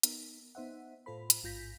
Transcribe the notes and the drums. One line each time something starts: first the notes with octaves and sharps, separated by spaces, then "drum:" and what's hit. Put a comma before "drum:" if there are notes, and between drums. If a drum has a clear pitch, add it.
B3 D#4 A#4, drum: hi-hat
B3 D#4 C5 E5 F#5
A2 F4 A4 C5 B5
drum: hi-hat
A1 G#2 F4 G6 A#6 B6